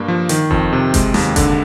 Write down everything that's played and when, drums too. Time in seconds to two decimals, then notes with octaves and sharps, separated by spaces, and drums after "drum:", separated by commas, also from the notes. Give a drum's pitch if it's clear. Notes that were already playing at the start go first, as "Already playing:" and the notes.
Already playing: G2 A#3
0.08 F3
0.29 D#3, drum: hi-hat
0.50 F2, drum: kick F#1
0.73 C3
0.94 G#3, drum: kick F#1, hi-hat
1.14 D#2, drum: snare
1.36 D3, drum: kick F#1, hi-hat